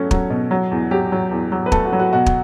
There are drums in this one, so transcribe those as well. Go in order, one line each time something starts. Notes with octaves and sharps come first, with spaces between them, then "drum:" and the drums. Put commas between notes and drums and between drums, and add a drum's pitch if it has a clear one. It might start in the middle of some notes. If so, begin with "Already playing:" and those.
Already playing: F#3 A3 C#4 A4
F#3, drum: kick
B2
F#3
E2
F#3 G4
F#3
E2
F#3
B4
A3 A4, drum: kick
F#4
F#3
F#4
B2 F#4
drum: kick